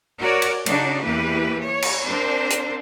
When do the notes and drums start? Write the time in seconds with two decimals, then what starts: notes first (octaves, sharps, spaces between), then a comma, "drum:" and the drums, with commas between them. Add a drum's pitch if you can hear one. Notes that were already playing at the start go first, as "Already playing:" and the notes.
0.21 F#4 A#4 C#5 D5
0.42 drum: cymbal
0.66 C#3 D4 D#4 F#4, drum: cymbal
1.05 E2 E3 A#3 G4 B4
1.64 C#5
1.82 drum: cymbal
2.07 C4 D4 A#4 C5
2.50 drum: hi-hat